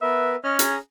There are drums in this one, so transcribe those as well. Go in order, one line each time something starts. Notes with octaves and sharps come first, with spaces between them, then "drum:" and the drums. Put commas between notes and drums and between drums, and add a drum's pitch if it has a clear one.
B3 A#4 B4 E5
C#4 C#5 D#5 F6
G#4 A#5, drum: hi-hat